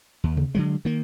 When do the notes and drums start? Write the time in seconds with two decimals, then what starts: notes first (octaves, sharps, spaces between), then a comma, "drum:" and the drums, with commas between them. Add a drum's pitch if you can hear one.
0.24 D#2
0.37 drum: tom C3
0.55 D3 F#3 G#3
0.85 D#3 A#3